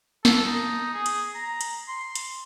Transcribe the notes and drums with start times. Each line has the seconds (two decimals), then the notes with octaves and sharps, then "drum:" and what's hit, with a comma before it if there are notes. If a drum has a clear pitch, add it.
0.25 A4, drum: snare
0.45 D#4
0.94 G#4
1.06 drum: hi-hat
1.35 A#5
1.61 drum: hi-hat
1.88 C6
2.15 drum: hi-hat